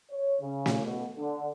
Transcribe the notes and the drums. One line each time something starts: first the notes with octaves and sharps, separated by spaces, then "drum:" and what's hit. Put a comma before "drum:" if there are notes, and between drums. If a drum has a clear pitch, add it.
C#5
C#3
drum: snare
B2
D3